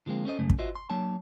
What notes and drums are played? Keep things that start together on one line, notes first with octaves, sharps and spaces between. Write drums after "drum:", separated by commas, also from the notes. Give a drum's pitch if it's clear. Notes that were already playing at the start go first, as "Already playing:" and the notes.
D3 F3 G#3 A#3 C4
C#4 A4 C5 D#5
C#2 F#2 C#3 A3
drum: kick
F4 F#4 C5 D#5 E5
C6
F#3 A#3 D4 C#5 A5